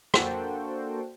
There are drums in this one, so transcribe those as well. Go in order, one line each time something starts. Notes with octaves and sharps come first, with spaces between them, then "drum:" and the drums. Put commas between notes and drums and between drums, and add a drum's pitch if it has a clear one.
A#3 D4 F#4 A4 C5 G5, drum: rim click